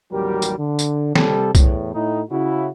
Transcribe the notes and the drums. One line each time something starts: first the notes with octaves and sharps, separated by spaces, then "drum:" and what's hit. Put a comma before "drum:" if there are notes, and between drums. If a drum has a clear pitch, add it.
A1 D#2 F#3 G3 G4 A#4
drum: tambourine
D3
drum: tambourine
C3 G3 A4, drum: snare
E2 A2, drum: kick B1, tambourine
A2 D#4
C#3 E4 F#4